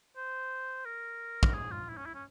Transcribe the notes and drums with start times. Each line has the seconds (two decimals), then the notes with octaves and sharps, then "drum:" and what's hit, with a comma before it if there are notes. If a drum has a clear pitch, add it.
0.17 C5
0.85 A#4
1.43 drum: kick
1.54 G#4
1.71 F4
1.89 E4
1.97 C#4
2.06 E4
2.14 C#4